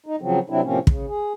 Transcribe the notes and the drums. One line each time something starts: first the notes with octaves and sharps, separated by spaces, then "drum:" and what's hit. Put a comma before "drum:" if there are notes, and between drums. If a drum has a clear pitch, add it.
D#4
C#3 F3 F#3 C4
C3 F#3 C4 D4 E4
A2 C3 F3 A#3 C4 C#4
C#3, drum: kick
G#4